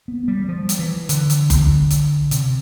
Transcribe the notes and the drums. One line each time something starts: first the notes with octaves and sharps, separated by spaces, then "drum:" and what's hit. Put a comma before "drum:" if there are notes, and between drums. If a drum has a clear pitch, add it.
B3
G3
F3
drum: hi-hat
E3
D3, drum: hi-hat
drum: hi-hat
drum: kick F#1, hi-hat
drum: hi-hat
C3, drum: hi-hat